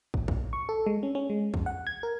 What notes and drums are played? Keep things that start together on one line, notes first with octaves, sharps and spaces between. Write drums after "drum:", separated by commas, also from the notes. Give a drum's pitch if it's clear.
A1, drum: kick
A#1, drum: kick
C#6
A4
G#3
C#4
C#4
G#3
F2, drum: kick
F#5
G#6
A#4